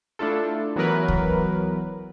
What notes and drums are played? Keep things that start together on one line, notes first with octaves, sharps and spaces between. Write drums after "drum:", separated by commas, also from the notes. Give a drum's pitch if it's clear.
A3 D4 E4 F4 A4
E3 F#3 B3 A#4 B4
drum: kick C2